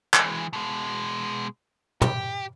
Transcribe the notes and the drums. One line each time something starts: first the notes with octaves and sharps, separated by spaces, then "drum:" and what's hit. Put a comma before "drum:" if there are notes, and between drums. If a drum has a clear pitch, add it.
E3 G#3, drum: clap
B2 G#3
G4, drum: tom